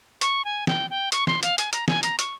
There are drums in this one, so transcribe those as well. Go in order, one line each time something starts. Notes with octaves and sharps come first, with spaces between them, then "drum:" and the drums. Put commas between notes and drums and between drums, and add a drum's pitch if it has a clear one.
C#6, drum: hi-hat
G#5
G5, drum: snare
G5
C#6, drum: hi-hat
C6, drum: snare
F5, drum: hi-hat
G#5, drum: hi-hat
A#5, drum: hi-hat
G#5, drum: snare
A#5, drum: hi-hat
C#6, drum: hi-hat